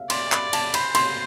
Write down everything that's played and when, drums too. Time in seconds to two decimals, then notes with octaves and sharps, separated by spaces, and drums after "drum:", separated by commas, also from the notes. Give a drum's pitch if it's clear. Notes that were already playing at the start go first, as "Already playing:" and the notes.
Already playing: E5 F5
0.10 D5 C6, drum: cymbal
0.32 B5, drum: clap
0.53 A5, drum: cymbal
0.74 C5 B5, drum: cymbal
0.95 C6, drum: cymbal